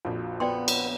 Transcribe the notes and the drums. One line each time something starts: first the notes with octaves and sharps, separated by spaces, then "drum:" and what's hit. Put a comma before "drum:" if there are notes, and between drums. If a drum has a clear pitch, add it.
A#1 F2 F4 F#4
B3 D5 G5 C6
C#5, drum: cymbal